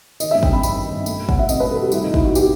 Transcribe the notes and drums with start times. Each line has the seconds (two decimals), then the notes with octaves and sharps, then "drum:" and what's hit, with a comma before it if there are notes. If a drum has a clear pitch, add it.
0.20 D#3 D#5, drum: tambourine
0.31 G2 E5
0.43 G5, drum: kick
0.49 C4 B5
0.63 G3 B5, drum: tambourine
0.78 D#3
0.92 G2
1.06 A3, drum: tambourine
1.20 B2
1.29 F#5, drum: kick
1.35 B2 E5
1.49 C4 D#5, drum: tambourine
1.60 A3 B4
1.71 A4
1.78 B2 G4
1.92 G3 E4, drum: tambourine
2.03 B2 D#4
2.14 E4, drum: kick
2.21 B2 F#4
2.35 B3 G4, drum: tambourine